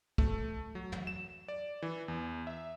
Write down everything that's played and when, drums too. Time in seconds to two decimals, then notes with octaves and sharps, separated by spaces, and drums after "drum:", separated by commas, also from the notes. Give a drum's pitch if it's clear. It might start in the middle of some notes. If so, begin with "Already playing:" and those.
0.18 A3, drum: kick
0.75 F#3
0.92 drum: tom
1.07 E7
1.48 D5
1.82 E3
2.08 E2
2.47 E5